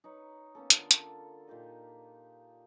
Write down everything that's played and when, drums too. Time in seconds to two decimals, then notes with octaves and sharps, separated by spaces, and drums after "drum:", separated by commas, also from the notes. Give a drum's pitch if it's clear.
0.04 D#4 B4 C#5
0.55 A#3 B3 C#4 A4
0.70 D3 A#3 F4 A4, drum: hi-hat
0.91 drum: hi-hat
1.47 A#2 D#4 G4 D#5